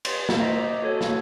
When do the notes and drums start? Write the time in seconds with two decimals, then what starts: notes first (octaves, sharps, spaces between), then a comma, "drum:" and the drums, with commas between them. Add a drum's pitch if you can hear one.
0.05 C6, drum: cymbal
0.29 drum: snare
0.39 C5 D#5 E5 A#5 C#6
0.57 D6
0.82 F#4 A4 C#5
1.01 drum: snare